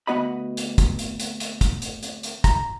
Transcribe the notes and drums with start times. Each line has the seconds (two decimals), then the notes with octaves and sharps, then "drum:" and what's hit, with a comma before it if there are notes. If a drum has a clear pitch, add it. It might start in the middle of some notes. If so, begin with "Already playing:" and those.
0.07 D2 A3 B3 F#4 D#5 B5
0.57 drum: hi-hat
0.78 drum: kick, hi-hat
0.99 drum: hi-hat
1.20 drum: hi-hat
1.40 drum: hi-hat
1.61 drum: kick, hi-hat
1.82 drum: hi-hat
2.03 drum: hi-hat
2.23 drum: hi-hat
2.44 A#5, drum: kick, hi-hat